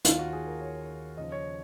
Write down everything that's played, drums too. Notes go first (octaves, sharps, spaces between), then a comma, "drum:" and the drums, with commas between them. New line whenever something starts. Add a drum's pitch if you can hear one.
D#2 D#3 F4, drum: hi-hat
F#4
G#4
A#4
C#5
D#2 C#3 F3 D#5
C#5